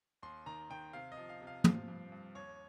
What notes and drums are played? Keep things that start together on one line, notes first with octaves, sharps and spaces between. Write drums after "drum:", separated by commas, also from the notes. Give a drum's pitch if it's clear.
D#2 C6
D#3 A#5
D#3 G5
C3 F5
D#5
F3
F5
C3
F5
F3, drum: tom
G2
G2
D#2 C#5